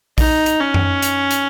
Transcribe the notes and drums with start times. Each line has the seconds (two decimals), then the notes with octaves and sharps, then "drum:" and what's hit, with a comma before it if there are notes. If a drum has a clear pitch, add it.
0.18 D#4, drum: kick A#1, open hi-hat
0.46 drum: hi-hat
0.61 C#4
0.74 drum: tom F#2
1.02 drum: hi-hat
1.31 drum: hi-hat